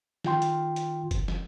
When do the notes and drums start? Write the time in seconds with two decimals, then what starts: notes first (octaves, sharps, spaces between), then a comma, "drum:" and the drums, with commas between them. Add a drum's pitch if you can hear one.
0.24 D#3 F4 G5 C6, drum: snare
0.42 drum: hi-hat
0.76 drum: hi-hat
1.11 drum: kick F1, hi-hat
1.28 drum: snare